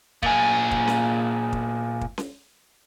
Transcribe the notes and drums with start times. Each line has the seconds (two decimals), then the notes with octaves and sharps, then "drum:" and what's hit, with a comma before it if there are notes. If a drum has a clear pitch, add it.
0.23 A#2 G#4, drum: kick
0.71 drum: kick
0.88 drum: snare C#4
1.53 drum: kick
2.01 drum: kick
2.18 drum: snare C#4